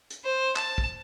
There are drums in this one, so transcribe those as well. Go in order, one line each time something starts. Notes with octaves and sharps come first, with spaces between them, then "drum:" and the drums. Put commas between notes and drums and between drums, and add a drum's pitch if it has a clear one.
drum: hi-hat
C5
A5, drum: clap
drum: kick